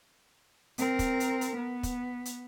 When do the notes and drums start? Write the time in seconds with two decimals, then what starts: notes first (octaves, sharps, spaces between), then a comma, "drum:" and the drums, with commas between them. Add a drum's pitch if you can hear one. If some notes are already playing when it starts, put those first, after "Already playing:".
0.78 C4 A#4, drum: hi-hat
0.99 drum: kick, hi-hat
1.20 drum: hi-hat
1.41 drum: hi-hat
1.56 B3
1.83 drum: kick, hi-hat
2.25 drum: hi-hat